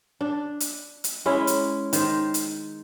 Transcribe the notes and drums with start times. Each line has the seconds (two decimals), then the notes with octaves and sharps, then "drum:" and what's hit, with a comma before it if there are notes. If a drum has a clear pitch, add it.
0.21 D4
0.60 drum: hi-hat
1.04 drum: hi-hat
1.26 G#3 C#4 E4
1.47 drum: hi-hat
1.93 D#3 C5, drum: hi-hat
2.34 drum: hi-hat